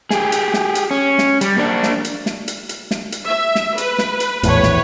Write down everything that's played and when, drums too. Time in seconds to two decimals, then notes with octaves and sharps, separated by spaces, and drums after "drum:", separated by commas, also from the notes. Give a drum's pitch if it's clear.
0.11 G4 G#4, drum: snare
0.32 drum: hi-hat
0.54 drum: snare
0.75 drum: hi-hat
0.91 C#4
1.18 drum: snare
1.41 G3, drum: hi-hat
1.58 A#3 D4
1.83 drum: snare
2.04 drum: hi-hat
2.26 drum: snare
2.48 drum: hi-hat
2.69 drum: hi-hat
2.91 drum: snare
3.12 drum: hi-hat
3.26 E5
3.55 drum: snare
3.78 B4, drum: hi-hat
3.98 drum: snare
4.20 drum: hi-hat
4.43 A#1 E2 A2 B4 C#5, drum: hi-hat
4.63 drum: snare